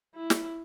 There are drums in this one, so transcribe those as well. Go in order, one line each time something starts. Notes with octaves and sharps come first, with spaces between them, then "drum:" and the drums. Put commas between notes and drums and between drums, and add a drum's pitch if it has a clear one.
E4
drum: snare